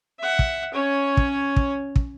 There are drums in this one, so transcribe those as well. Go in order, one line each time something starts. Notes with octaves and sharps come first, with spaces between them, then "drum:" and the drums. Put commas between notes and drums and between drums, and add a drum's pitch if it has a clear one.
E5 F#5
drum: kick
C#4 C#5
drum: kick
drum: kick
drum: kick